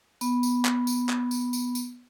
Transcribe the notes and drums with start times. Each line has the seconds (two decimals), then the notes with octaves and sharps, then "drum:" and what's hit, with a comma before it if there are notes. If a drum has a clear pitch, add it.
0.21 B3 B5, drum: tambourine
0.43 drum: tambourine
0.65 drum: clap
0.87 drum: tambourine
1.09 drum: clap
1.31 drum: tambourine
1.53 drum: tambourine
1.75 drum: tambourine